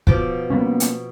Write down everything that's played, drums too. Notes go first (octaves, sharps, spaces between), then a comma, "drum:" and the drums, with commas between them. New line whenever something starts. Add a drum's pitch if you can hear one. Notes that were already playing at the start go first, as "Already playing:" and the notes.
B2 F3 D6, drum: kick
A#3 B3 C#4
drum: hi-hat